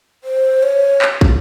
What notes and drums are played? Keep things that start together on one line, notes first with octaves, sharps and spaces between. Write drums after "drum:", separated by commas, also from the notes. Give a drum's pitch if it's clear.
C5
C#5
drum: clap
drum: kick